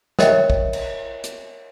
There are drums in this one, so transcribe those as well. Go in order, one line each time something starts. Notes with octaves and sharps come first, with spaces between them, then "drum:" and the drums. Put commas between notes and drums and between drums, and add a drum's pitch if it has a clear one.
A#4 C#5 D#5 E5 G5, drum: snare
drum: kick
drum: cymbal
drum: hi-hat